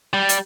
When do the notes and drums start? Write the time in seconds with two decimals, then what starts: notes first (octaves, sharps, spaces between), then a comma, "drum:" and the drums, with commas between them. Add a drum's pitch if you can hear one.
0.13 G3
0.29 drum: hi-hat